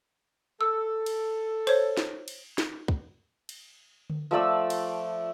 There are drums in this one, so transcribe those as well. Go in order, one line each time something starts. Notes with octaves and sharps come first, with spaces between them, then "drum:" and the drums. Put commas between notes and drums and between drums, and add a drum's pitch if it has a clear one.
A4 E6
drum: cymbal
C5 C#5, drum: cymbal
drum: snare
drum: cymbal
drum: snare
drum: kick
drum: cymbal
drum: tom D3
F3 A3 D5 E6
drum: cymbal